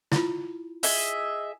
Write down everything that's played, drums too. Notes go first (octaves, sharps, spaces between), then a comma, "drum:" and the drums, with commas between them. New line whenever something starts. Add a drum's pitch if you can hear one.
E4 F4, drum: snare
G#4 D#5 E5, drum: open hi-hat